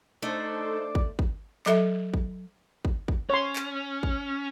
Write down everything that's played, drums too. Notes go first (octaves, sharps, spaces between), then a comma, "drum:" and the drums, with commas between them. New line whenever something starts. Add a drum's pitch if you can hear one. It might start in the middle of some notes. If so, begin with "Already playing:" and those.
A3 D4 D#4 A4 C5 D5
drum: kick
drum: kick
F#3 A4 E5, drum: clap
drum: kick
drum: kick
drum: kick
C#4 C#5 C6
drum: clap
drum: kick